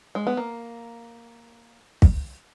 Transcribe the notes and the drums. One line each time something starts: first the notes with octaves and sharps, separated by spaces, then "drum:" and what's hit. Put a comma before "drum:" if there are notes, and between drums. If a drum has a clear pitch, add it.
G#3
B3
A#3
drum: kick